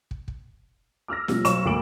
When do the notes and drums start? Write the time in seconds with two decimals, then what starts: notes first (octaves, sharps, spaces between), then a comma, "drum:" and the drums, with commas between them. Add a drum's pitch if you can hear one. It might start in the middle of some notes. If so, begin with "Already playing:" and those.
0.11 drum: kick
0.28 drum: kick
1.08 D6 E6 F6 A#6
1.28 B2 F3 G3 A3 C#4, drum: snare
1.45 B1 F#3 C5 C#5 C#6 E7, drum: hi-hat
1.65 D2 G#2 A#3 D6 D7 F#7